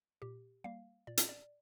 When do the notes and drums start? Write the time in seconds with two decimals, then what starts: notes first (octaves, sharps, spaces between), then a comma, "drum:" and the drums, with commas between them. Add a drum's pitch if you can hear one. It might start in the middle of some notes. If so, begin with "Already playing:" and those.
0.22 A#2 G4
0.64 G3 A#3 F5
1.07 A#2 D5
1.17 drum: hi-hat
1.29 D5